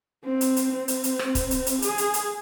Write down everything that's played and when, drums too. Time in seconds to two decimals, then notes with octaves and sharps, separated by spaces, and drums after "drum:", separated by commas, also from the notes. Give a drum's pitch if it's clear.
0.25 C4
0.41 drum: hi-hat
0.56 drum: hi-hat
0.72 C4
0.88 drum: hi-hat
1.04 drum: hi-hat
1.19 drum: rim click
1.35 drum: kick, hi-hat
1.51 drum: hi-hat
1.66 drum: hi-hat
1.82 G#4, drum: hi-hat
1.98 drum: hi-hat
2.14 drum: hi-hat